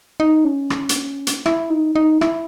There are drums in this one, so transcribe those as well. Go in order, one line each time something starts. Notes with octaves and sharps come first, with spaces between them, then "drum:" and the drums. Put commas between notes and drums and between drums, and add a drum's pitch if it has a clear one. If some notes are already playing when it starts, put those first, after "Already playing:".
D#4
C#4
drum: rim click
drum: hi-hat
drum: hi-hat
E4, drum: rim click
D#4
D#4
E4, drum: rim click